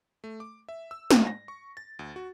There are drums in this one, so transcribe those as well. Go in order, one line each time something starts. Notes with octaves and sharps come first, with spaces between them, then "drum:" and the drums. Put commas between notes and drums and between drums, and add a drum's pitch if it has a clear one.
A3
D6
E5
E6
G#2, drum: snare
A#6
C#6
A6
D2
F#4